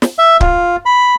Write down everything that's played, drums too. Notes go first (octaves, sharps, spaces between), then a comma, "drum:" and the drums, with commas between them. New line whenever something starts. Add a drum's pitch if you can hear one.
drum: snare
E5
F4, drum: kick C#1
B5